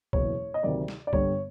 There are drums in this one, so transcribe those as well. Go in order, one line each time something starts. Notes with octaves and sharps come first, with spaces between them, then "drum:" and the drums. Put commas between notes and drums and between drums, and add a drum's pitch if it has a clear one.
F#1 E2 B2 C#5, drum: kick C2
D#5
D2 C3 D#3 F#3 D5
drum: snare
D5
G1 G2 D3 G3 C#5, drum: kick C2